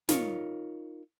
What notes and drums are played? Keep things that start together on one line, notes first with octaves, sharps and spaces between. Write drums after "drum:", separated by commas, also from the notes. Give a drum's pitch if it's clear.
D#4 F4 A#4 C#5, drum: snare